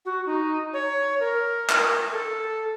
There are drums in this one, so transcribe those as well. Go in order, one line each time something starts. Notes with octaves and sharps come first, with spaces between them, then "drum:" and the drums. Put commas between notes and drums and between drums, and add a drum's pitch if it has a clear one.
F#4
D#4
C#5
A#4
drum: clap
A4